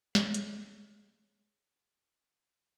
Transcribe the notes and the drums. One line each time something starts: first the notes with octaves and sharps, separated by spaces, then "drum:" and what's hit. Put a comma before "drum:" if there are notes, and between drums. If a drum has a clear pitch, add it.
G#4 C#5 D#5, drum: snare
drum: hi-hat